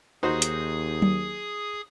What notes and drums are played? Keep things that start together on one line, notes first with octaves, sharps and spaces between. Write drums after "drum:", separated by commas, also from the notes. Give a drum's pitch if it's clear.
D#2 D#4 F#4 G#4 C5 D#6
drum: hi-hat
drum: tom F#3